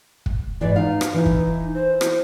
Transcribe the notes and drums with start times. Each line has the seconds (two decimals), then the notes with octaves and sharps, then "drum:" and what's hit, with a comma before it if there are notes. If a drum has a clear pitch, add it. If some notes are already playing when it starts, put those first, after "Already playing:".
0.26 drum: kick
0.61 G#2 E3 D5
0.76 D#4 F5
1.01 drum: rim click
1.14 E3 D#4 E4
1.26 drum: kick
1.75 C5
2.01 drum: rim click